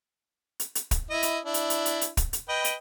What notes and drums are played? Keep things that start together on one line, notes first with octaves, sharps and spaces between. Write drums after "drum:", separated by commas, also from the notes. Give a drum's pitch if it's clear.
drum: hi-hat
drum: hi-hat
drum: kick, hi-hat
E4 D#5
drum: hi-hat
D4 E4
drum: hi-hat
drum: hi-hat
drum: hi-hat
drum: hi-hat
drum: kick, hi-hat
drum: hi-hat
B4 D#5 G5
drum: hi-hat